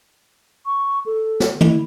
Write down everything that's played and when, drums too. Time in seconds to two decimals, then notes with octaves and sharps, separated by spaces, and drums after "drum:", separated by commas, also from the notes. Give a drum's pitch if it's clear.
0.66 C#6
1.06 A4
1.40 drum: snare
1.61 E4, drum: tom